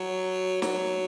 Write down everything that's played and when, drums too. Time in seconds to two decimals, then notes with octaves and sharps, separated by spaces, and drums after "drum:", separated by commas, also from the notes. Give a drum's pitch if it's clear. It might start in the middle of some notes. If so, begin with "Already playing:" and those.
Already playing: F#3
0.62 F#3, drum: snare